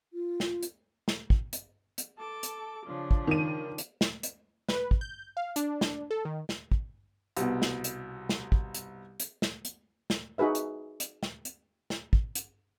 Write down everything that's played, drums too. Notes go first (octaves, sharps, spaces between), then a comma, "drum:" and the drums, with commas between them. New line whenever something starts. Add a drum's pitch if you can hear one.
F4
drum: snare
drum: hi-hat
drum: snare
drum: kick
drum: hi-hat
drum: hi-hat
A4 A5 D6
drum: hi-hat
C#3 F3 D4
drum: kick
D#3 D#7
drum: hi-hat
drum: snare
drum: hi-hat
B4, drum: snare
drum: kick
G6
F5
D4, drum: hi-hat
drum: snare
A4
D#3
drum: snare
drum: kick
C2 B2, drum: hi-hat
drum: snare
drum: hi-hat
drum: snare
drum: kick
drum: hi-hat
drum: hi-hat
drum: snare
drum: hi-hat
drum: snare
D#4 F#4 G#4 B4 E5
drum: hi-hat
drum: hi-hat
drum: snare
drum: hi-hat
drum: snare
drum: kick
drum: hi-hat